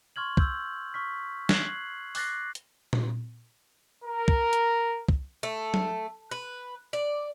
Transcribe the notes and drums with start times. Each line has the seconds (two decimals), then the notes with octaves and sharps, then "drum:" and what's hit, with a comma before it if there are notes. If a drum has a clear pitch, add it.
0.16 C6 C#6 F6 G#6 F#7
0.37 E6 G6, drum: kick
0.94 C#6 F6 B6
1.49 F#6 G#6 C7 F#7, drum: snare
2.15 D6 F#6 A6 A#6 C7, drum: open hi-hat
2.55 drum: hi-hat
2.93 drum: tom A#2
4.04 A#4
4.28 drum: kick
4.53 drum: hi-hat
5.09 drum: kick
5.43 A3
5.74 drum: tom F#3
6.31 B4
6.93 D5